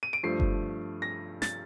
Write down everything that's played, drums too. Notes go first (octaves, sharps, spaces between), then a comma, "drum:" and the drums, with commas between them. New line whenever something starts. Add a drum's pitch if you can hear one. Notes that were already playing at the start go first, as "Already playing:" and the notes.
D#7
D7
G2 F3 A3 C7
drum: kick F#1
A#6
A6, drum: snare